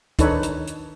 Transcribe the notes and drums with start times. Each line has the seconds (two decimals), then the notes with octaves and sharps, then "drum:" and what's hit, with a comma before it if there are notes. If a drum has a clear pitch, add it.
0.19 D#3 D4 D#4 A4 B4 C#5, drum: kick, hi-hat
0.43 drum: hi-hat
0.67 drum: hi-hat